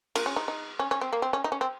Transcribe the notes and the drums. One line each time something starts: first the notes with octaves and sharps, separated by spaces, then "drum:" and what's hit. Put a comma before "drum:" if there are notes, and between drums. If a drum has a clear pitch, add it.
A#3, drum: cymbal
C#4
D#4
D#4
C#4
C#4
C4
A#3
C4
C#4
D#4
C#4
C4